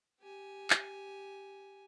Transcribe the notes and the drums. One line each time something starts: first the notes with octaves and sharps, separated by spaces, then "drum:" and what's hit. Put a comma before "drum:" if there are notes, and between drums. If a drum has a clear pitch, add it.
G4 G#5
drum: clap